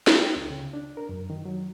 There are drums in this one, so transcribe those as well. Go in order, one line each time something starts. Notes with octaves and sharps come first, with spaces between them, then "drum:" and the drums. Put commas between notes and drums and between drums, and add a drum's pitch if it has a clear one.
drum: snare
G5
C#2
C#3
D4
A#4
F#2
D#3
F#3